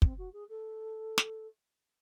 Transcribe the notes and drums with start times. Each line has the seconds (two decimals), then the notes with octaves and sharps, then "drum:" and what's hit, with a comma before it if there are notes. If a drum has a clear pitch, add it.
0.02 C4, drum: kick
0.18 F#4
0.33 G#4
0.49 A4
1.18 drum: snare